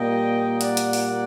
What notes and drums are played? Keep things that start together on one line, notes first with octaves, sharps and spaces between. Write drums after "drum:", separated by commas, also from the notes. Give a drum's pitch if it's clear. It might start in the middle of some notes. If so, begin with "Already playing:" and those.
Already playing: A#2 G3 A#3 D#5 G5
D5 F#5, drum: hi-hat
drum: hi-hat
drum: open hi-hat